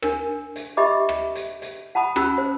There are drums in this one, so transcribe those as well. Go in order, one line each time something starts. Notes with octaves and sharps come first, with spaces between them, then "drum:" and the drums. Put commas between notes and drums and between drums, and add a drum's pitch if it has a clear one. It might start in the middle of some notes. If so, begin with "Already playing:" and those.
D4 A#4, drum: rim click
drum: hi-hat
G4 D#5 E5 B5 D6
drum: rim click
drum: hi-hat
drum: hi-hat
F#5 A5 B5 D#6
C#4 F#4 B5 E6, drum: rim click
C5